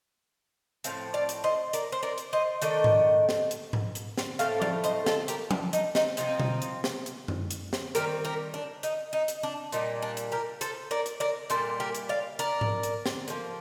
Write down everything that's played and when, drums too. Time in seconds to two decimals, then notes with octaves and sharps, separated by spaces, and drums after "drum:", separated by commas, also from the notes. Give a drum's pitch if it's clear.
0.84 A2 F3 C4 F5, drum: hi-hat
1.14 D5 F5
1.29 drum: hi-hat
1.44 C5 D#5
1.73 A#4 D5, drum: hi-hat
1.92 C5
2.03 A#4 D5
2.18 drum: hi-hat
2.33 C5 D#5
2.62 D#3 A3 D4 D#5 G5, drum: hi-hat
2.84 drum: tom G#2
3.29 drum: snare
3.51 drum: hi-hat
3.73 drum: tom G#2
3.95 drum: hi-hat
4.18 drum: snare
4.39 A2 A3 C4 F5, drum: hi-hat
4.62 D5 F5, drum: tom F3
4.84 C5 D#5, drum: hi-hat
5.06 F4 A4, drum: snare
5.28 G4 A#4, drum: hi-hat
5.51 D4, drum: tom F3
5.73 D#4, drum: hi-hat
5.95 D#4, drum: snare
6.17 C3 F3 C4 D#4, drum: hi-hat
6.40 drum: tom B2
6.62 drum: hi-hat
6.84 drum: snare
7.06 drum: hi-hat
7.28 drum: tom F#2
7.51 drum: hi-hat
7.73 drum: snare
7.95 D#3 G3 C4 G4 A#4, drum: hi-hat
8.25 G4 A#4
8.54 D4
8.83 D#4, drum: hi-hat
9.13 D#4
9.28 drum: hi-hat
9.43 D4
9.72 A#2 G3 A#3 D#4, drum: hi-hat
10.02 D4
10.17 drum: hi-hat
10.32 G4 A#4
10.61 A4 C5, drum: hi-hat
10.91 A#4 D5
11.06 drum: hi-hat
11.20 A#4 D5
11.50 A#2 G3 A#3 A4 C5, drum: hi-hat
11.80 G4 A#4
11.95 drum: hi-hat
12.09 D5 F5
12.39 A#4 D5, drum: hi-hat
12.61 drum: tom G#2
12.83 drum: hi-hat
13.06 drum: snare
13.28 D3 F3 A#3, drum: hi-hat